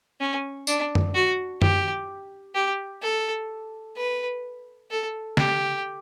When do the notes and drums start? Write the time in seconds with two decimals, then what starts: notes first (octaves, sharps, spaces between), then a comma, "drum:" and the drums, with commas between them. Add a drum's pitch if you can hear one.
0.21 C#4
0.67 D4, drum: tambourine
0.95 drum: tom F#2
1.14 F#4
1.62 G4, drum: tom F#2
2.55 G4
3.02 A4
3.96 B4
4.91 A4
5.37 G4, drum: snare